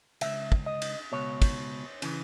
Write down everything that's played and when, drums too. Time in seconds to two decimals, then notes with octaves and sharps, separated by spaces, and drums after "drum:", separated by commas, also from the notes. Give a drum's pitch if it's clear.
0.21 C#2 B2 E5, drum: cymbal
0.52 drum: kick
0.66 D#5
0.82 drum: cymbal
1.12 C#2 B2 C#5
1.42 drum: kick, cymbal
2.02 C#3 E3, drum: cymbal